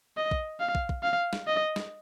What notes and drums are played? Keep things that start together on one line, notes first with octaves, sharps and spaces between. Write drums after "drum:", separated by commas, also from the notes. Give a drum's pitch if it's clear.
D#5
drum: kick
F5
drum: kick
drum: kick
F5
drum: snare
D#5
drum: snare